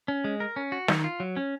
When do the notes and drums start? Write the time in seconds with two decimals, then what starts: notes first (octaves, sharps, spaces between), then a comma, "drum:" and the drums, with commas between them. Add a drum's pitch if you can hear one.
0.08 C#4
0.24 G#3
0.40 A#4
0.56 C#4
0.72 F#4
0.88 D#3, drum: snare
1.04 F4
1.20 F#3
1.37 C#4